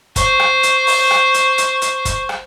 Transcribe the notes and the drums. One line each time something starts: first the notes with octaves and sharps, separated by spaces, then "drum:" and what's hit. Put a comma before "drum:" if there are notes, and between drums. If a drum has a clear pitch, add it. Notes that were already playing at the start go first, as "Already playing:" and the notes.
C5 C#6, drum: kick, hi-hat
drum: rim click
drum: hi-hat
drum: open hi-hat
drum: rim click
drum: hi-hat
drum: hi-hat
drum: hi-hat
drum: kick, hi-hat
drum: rim click